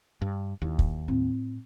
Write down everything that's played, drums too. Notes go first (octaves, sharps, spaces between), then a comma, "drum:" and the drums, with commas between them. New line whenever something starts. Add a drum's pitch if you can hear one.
G2
D#2 A#3 E4
drum: kick
A2 C4